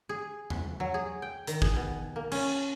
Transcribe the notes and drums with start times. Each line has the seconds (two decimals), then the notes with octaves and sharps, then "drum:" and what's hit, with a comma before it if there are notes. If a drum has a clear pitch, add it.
0.09 G#4
0.50 drum: tom E2
0.80 F#3
0.94 G#4
1.22 G5
1.47 D#3, drum: hi-hat
1.62 G#4, drum: kick
1.76 B2
2.16 A#3
2.32 C#4, drum: cymbal